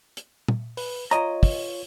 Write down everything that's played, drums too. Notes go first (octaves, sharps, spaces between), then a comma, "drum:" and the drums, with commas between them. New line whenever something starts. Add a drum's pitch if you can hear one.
drum: hi-hat
drum: tom
B4, drum: open hi-hat
F4 C#5 D#5 A#5, drum: hi-hat
drum: kick, open hi-hat